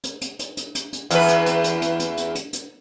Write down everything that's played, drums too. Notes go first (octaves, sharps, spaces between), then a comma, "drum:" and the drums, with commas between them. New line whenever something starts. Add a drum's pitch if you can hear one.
drum: hi-hat
drum: hi-hat
drum: hi-hat
drum: hi-hat
drum: hi-hat
drum: hi-hat
E2 B4, drum: hi-hat
drum: hi-hat
drum: hi-hat
drum: hi-hat
drum: hi-hat
drum: hi-hat
drum: hi-hat
drum: hi-hat
drum: hi-hat